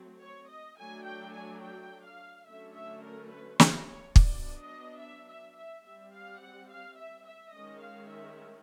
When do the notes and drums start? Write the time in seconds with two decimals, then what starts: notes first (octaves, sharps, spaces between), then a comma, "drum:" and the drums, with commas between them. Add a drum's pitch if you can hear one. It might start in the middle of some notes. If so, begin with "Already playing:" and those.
Already playing: F#3 A3 C4
0.21 C#5
0.49 D#5
0.78 F#3 A3 D4 G#5
1.05 G5
1.33 G#5
1.62 G5
2.05 F5
2.47 D3 F#3 A3 C#4 E5
2.75 E5
3.03 A#4
3.32 B4
3.60 C5, drum: snare
3.87 C#5
4.16 F#3 B3 D4 D5, drum: kick
4.58 D#5
5.00 E5
5.28 E5
5.57 E5
5.85 G3 C4 E5
6.13 F5
6.41 F#5
6.70 F5
6.98 E5
7.26 E5
7.54 D#3 G#3 C#4 D#5
7.82 F5
8.10 E5